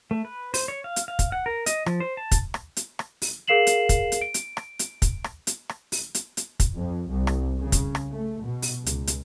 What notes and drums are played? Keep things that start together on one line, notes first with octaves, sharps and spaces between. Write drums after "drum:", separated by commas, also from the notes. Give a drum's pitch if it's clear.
A3
B4
C5, drum: open hi-hat
C#5
F5
drum: hi-hat
F5
drum: kick, hi-hat
F#5
A#4
D#5, drum: hi-hat
F3, drum: rim click
C5
A5
drum: kick, hi-hat
drum: rim click
drum: hi-hat
drum: rim click
drum: open hi-hat
G#4 A#4 F5 C7 E7 F#7
drum: hi-hat
drum: kick, hi-hat
drum: hi-hat
D7
drum: hi-hat
drum: rim click
drum: hi-hat
drum: kick, hi-hat
drum: rim click
drum: hi-hat
drum: rim click
drum: open hi-hat
drum: hi-hat
drum: hi-hat
drum: kick, hi-hat
F2
C2
drum: rim click
C#3
drum: kick, hi-hat
drum: rim click
A3
B2
drum: open hi-hat
C#2, drum: hi-hat
drum: hi-hat